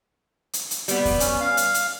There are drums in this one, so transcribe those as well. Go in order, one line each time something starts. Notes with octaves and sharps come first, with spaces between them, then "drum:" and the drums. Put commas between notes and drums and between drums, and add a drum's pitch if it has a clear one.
drum: hi-hat
drum: hi-hat
G3 B3, drum: hi-hat
drum: kick E2, open hi-hat
C#4, drum: hi-hat
F5
drum: hi-hat
drum: hi-hat